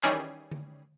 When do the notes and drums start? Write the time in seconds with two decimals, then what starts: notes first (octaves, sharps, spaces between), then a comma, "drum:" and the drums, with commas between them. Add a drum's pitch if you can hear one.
0.03 D#3 E3 G3 C#4 G#4, drum: clap
0.51 drum: tom D3